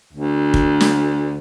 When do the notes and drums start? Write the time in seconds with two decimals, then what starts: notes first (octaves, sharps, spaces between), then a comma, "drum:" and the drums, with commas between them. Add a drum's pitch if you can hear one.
0.14 D2
0.54 drum: kick
0.81 drum: snare